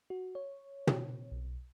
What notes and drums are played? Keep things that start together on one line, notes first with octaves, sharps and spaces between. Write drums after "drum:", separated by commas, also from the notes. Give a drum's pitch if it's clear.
F#4
C#5
drum: tom
B1